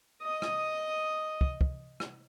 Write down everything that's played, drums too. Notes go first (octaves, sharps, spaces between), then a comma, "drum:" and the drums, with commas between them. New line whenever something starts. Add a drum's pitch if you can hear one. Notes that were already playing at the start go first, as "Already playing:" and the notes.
D#5 D#6
drum: rim click
drum: kick
drum: kick
drum: rim click